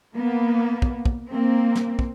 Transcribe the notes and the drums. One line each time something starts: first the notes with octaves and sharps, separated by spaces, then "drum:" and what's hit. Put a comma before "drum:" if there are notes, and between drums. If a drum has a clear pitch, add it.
A#3 B3
drum: kick
drum: kick
A#3 C4
drum: snare
drum: kick